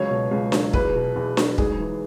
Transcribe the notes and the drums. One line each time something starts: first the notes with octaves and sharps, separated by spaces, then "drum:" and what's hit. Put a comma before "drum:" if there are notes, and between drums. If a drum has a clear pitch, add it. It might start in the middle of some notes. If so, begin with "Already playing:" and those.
Already playing: C#2 F#3 C#5
B2
C#2
F#3, drum: snare D4
E2 B4, drum: kick
B2
E2
F#3, drum: snare D4
G#2 G#4, drum: kick
E3